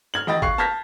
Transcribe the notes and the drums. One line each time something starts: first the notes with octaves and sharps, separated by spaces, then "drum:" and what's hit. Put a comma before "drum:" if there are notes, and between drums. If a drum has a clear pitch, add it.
F6 G#6 F#7
A1 D#5 G5 B5 A6
F5 C#6 F#6 C7, drum: kick
A5 F6 G6 G#6 A#6 B6